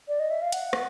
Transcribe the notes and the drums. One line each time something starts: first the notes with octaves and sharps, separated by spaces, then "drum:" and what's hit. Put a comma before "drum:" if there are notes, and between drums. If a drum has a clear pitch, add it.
D5
D#5
E5
F5
F#5, drum: hi-hat
drum: rim click